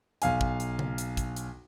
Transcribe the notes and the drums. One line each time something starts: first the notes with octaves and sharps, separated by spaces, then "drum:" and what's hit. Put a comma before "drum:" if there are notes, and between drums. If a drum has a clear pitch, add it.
B1 F5 G#5, drum: hi-hat
drum: kick
drum: hi-hat
drum: tom C#3
drum: hi-hat
drum: kick, hi-hat
drum: hi-hat